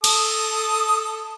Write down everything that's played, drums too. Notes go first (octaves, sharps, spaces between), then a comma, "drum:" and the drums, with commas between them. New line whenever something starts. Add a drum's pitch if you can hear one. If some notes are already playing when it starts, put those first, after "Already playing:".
A4 D#6, drum: cymbal